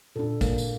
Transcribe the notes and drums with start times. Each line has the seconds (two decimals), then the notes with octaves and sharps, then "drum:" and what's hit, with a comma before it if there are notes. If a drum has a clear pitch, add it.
0.15 A#2 D4 A4
0.41 A#2 A#3, drum: kick, tambourine
0.58 drum: tambourine